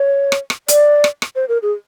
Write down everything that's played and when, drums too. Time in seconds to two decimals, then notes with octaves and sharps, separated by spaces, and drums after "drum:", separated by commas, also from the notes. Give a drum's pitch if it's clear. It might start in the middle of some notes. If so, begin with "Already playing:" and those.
Already playing: C#5
0.32 drum: rim click
0.50 drum: rim click
0.68 D5, drum: hi-hat
1.04 drum: rim click
1.22 drum: rim click
1.36 C5
1.48 A#4
1.62 G#4